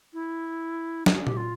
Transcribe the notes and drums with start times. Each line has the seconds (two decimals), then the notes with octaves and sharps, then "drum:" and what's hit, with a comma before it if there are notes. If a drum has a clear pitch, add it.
0.14 E4
1.06 D4, drum: snare
1.17 C#4
1.27 G4, drum: tom A#2
1.37 F4